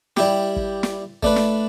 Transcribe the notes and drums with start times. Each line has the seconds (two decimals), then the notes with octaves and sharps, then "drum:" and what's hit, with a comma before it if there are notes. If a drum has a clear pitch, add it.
0.17 G3 E4 G4, drum: snare
0.56 drum: kick
0.83 drum: snare
1.23 A3 D4 B4, drum: kick
1.36 drum: snare